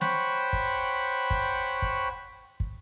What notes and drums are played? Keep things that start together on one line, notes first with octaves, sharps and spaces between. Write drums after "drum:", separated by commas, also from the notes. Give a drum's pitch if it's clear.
C5 C#5 F#5 G5 B5 C#6, drum: snare
drum: kick
drum: kick
drum: kick
drum: kick